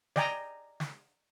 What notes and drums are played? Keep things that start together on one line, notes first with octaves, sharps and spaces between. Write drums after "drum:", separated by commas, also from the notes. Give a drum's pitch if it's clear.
D5 D#5 G5 G#5 A#5, drum: snare
drum: snare